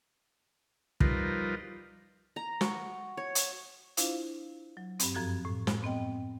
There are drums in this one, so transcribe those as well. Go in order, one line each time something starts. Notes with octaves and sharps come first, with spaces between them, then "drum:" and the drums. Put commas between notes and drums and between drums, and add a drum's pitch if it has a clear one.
F3 G3 D#4 F4 A#4 B4, drum: kick
A#5
F#4, drum: snare
C#5
drum: hi-hat
D4 E4 F4 C5 F5, drum: hi-hat
F#3
G2 C4, drum: hi-hat
F#2 F3 F#4 A4 G#6
A2
drum: snare
B3 C4 D#5 G5